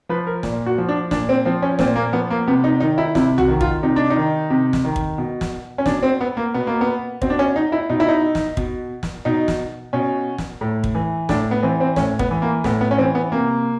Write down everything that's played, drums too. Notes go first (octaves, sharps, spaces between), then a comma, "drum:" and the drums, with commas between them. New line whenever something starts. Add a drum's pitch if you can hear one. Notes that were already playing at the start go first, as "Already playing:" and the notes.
F3 B4
A#4
A#2, drum: snare
F#4
F3
D4
A#2 D4, drum: snare
C4
F3 C4
C#4
A#2 C4, drum: snare
A#3
F3 B3
A#3
C3 B3
D#4
D#3 D#4
E4
C3 E4, drum: snare
F#4, drum: tom
D#3
F4, drum: kick
C3 D#4
D4
D#4
D#3
C3
drum: snare
D#3
drum: kick
B2
drum: snare
C#4
B2 D4, drum: snare
C4
B3
A#3
B2 B3
A#3
B3
B2 C4, drum: kick
D4
C#4
D#4
E4
B2 D#4
E4
D#4
drum: snare
B2, drum: kick
drum: snare
B2 D#4
drum: snare
B2 C#4
drum: snare
A2
drum: kick
E3
A2 D4, drum: snare
B3
E3 C4
C4
A2 C#4, drum: snare
B3, drum: kick
E3
A#3
A2 B3, drum: snare
B3
C#4
E3 C4
B3
C3 A#3